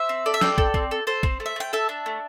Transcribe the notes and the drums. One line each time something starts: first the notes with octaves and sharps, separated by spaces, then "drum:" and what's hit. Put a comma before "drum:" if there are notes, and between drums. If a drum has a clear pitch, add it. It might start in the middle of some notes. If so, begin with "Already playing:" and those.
Already playing: C5 E5
C4
A4 D5
E5
C4 D5 G5, drum: snare
A4, drum: kick
C4, drum: kick
A4
A4 C5
C4, drum: kick
A3
E5
A3 G5
A4 E5 A5
D4
A3